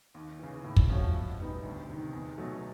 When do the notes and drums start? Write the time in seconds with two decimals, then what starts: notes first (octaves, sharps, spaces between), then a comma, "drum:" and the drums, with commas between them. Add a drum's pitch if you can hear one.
0.15 D#2
0.39 C#3 E3
0.64 A2
0.76 drum: kick
0.89 F3 A3 C#4 F#4
1.14 B2
1.39 G3 B3 D#4
1.63 D2
1.88 C3 D#3
2.13 E2
2.38 B2 F#3 A3